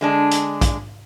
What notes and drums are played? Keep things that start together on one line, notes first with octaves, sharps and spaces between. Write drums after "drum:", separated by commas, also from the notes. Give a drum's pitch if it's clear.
D3 G#3 D4
drum: hi-hat
drum: kick, hi-hat